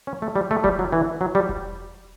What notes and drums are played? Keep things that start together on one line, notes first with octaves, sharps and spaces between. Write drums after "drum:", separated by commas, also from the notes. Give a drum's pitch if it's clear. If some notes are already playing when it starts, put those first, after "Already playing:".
C#4
A3
G3
A3
G3, drum: kick E1
F#3
E3
F#3
G3
drum: kick E1